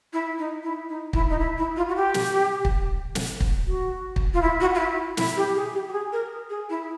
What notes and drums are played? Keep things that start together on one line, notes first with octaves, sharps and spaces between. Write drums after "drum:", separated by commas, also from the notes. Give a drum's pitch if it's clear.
E4
D#4
E4
D#4
E4, drum: kick
D#4
E4
E4
F4
F#4
G4
drum: snare
drum: kick
drum: snare
drum: kick
F#4
drum: kick
F4
E4
F#4
F4
E4
E4, drum: snare
G4
G#4
G4
G4
G#4
A#4
G#4
E4